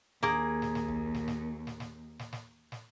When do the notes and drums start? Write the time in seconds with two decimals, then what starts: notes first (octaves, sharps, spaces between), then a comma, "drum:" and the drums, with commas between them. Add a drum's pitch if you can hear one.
0.23 D#2 A#3 G#4, drum: snare
0.62 drum: snare
0.75 drum: snare
0.88 drum: tom B1
1.14 drum: snare
1.28 drum: snare
1.67 drum: snare
1.80 drum: snare
2.19 drum: snare
2.33 drum: snare
2.72 drum: snare